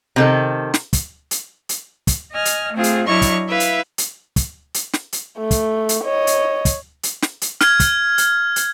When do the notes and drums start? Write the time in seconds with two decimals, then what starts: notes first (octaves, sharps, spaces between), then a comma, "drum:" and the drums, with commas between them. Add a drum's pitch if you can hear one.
0.16 C3 D#3 A4
0.74 drum: snare
0.93 drum: kick, hi-hat
1.31 drum: hi-hat
1.69 drum: hi-hat
2.07 drum: kick, hi-hat
2.32 D#5 G#5 F6
2.45 drum: hi-hat
2.73 A3 C4 F4 G#4
2.84 drum: hi-hat
3.07 F#3 D4 E4 D#5 C#6 F6
3.22 drum: kick, hi-hat
3.49 E4 B4 E5 F5
3.60 drum: hi-hat
3.98 drum: hi-hat
4.36 drum: kick, hi-hat
4.74 drum: hi-hat
4.93 drum: snare
5.13 drum: hi-hat
5.39 A3
5.51 drum: kick, hi-hat
5.89 drum: hi-hat
6.04 C#5 D#5
6.27 drum: hi-hat
6.65 drum: kick, hi-hat
7.03 drum: hi-hat
7.22 drum: snare
7.41 drum: hi-hat
7.61 F6 G#6, drum: snare
7.80 drum: kick, hi-hat
8.18 drum: hi-hat
8.56 drum: hi-hat